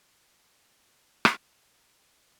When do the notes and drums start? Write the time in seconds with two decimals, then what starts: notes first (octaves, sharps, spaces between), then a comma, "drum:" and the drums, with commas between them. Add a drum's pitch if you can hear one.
0.24 F#4 A#4 C5 G#5 D6
0.50 A3 G#4 C#5 D#5 E6 F#6
1.25 drum: rim click
1.39 C#4 A#4 D5
2.00 A#3 F4 G#4 A4 B4 D#6